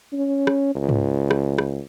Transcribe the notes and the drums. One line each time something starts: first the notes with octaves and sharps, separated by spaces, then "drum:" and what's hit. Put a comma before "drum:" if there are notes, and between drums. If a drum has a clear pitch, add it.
C#4
drum: rim click
C#2
drum: tom G#2
drum: rim click
drum: rim click